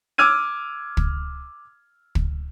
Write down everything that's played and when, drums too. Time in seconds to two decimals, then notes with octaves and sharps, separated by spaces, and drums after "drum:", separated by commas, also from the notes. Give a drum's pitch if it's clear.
0.18 D6 E6 F6 G#6 D#7
0.97 drum: kick
2.15 drum: kick